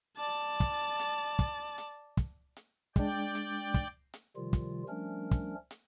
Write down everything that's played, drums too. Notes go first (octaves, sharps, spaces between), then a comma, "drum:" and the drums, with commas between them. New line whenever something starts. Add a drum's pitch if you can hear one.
D5 A5
drum: kick, hi-hat
drum: hi-hat
drum: kick, hi-hat
drum: hi-hat
drum: kick, hi-hat
drum: hi-hat
G#3 D4 D5 G5, drum: kick, hi-hat
drum: hi-hat
drum: kick, hi-hat
drum: hi-hat
C3 D#3 F3 G3 F4
drum: kick, hi-hat
F3 G3 A3 C#4 D4 A#4
drum: kick, hi-hat
drum: hi-hat